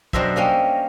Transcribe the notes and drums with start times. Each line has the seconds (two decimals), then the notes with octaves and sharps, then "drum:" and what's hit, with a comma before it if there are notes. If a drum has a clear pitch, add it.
0.13 F#2 B2 D4 A#4 C5 E5, drum: kick
0.36 G3 A#3 C#4 D#5